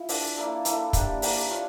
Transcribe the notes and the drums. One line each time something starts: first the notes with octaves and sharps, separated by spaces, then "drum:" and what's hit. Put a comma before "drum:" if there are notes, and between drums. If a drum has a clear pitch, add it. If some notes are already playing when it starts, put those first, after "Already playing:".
Already playing: F3 E4
D4 A4 D5, drum: open hi-hat
A#3 E4 A4 D5
A#3 E4 A4 D5, drum: hi-hat
A#3 D4 G4, drum: kick, hi-hat
A#3 D4 G4, drum: open hi-hat
D4 F4 C#5 F5